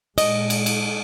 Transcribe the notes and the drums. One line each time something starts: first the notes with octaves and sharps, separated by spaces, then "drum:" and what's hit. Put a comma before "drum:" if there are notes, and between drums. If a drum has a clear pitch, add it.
A#2 G#3 D#5, drum: cymbal
drum: cymbal
drum: cymbal